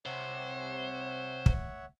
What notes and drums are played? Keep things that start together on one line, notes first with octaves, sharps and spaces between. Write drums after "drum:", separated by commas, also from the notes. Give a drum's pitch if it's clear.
C2 C3 C5 C#5 E5 F#5
drum: kick